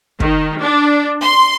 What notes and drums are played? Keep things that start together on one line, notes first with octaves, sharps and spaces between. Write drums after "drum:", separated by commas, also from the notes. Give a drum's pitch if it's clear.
D#3, drum: kick
D4
C6